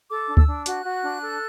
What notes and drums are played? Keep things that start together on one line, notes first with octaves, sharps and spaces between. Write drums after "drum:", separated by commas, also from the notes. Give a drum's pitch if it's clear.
A4 D6
D4
E6, drum: kick D2
D4
F#4 F#6, drum: hi-hat
F#4
D4
A4